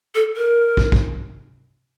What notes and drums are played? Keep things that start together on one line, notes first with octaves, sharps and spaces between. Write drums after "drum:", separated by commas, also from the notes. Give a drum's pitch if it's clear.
A4
A#4
drum: kick
drum: kick